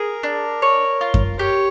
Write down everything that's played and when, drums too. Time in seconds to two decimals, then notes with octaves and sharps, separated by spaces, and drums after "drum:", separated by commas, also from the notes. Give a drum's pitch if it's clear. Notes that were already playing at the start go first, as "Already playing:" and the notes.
Already playing: G#4 A#4
0.23 D4
0.62 C#5
1.01 F4
1.14 drum: kick F#2
1.39 G4 C#5